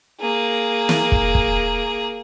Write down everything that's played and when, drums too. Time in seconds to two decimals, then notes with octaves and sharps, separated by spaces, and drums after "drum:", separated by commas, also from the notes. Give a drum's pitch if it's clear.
0.20 A#3 G#4
0.89 drum: snare
1.12 drum: kick
1.35 drum: kick